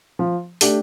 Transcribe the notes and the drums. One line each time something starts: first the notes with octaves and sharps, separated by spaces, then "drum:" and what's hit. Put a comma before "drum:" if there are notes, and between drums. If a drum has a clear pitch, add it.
F3
A3 D4 G4, drum: open hi-hat